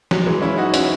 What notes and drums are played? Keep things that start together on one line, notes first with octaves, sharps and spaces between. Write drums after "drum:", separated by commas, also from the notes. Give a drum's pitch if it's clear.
F#3, drum: snare
E3 G#3
C#4 E4
D#4 F#4
C#4 E4, drum: hi-hat